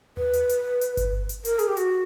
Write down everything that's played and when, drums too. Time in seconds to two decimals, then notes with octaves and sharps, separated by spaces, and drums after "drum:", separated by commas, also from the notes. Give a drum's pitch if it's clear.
0.17 B4, drum: tom D#2
0.33 drum: hi-hat
0.49 drum: hi-hat
0.81 drum: hi-hat
0.97 drum: kick G1, hi-hat
1.29 drum: hi-hat
1.45 A#4, drum: hi-hat
1.59 G#4, drum: hi-hat
1.68 G4
1.77 F#4, drum: hi-hat